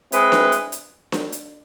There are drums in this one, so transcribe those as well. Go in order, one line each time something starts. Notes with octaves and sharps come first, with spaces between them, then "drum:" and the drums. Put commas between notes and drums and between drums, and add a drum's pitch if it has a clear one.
G#3 C4 E4 G#4 B4, drum: hi-hat
drum: snare D4
drum: hi-hat
drum: hi-hat
drum: snare D4
drum: hi-hat